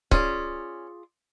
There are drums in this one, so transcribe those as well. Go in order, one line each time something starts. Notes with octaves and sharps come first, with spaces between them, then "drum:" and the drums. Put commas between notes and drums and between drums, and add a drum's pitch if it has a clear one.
C#4 F4 G#4 D5, drum: kick C#1